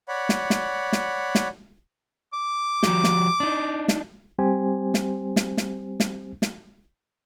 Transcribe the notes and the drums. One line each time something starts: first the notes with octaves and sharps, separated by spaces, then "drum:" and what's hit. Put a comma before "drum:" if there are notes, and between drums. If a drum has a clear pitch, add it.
C#5 D5 F#5 B5
drum: snare
drum: snare
drum: snare
drum: snare
D6
F3 F#4 G4, drum: snare
drum: snare
D4 D#4
drum: snare
G3 C4 G4 C5 G#5
drum: snare
drum: snare
drum: snare
drum: snare
drum: snare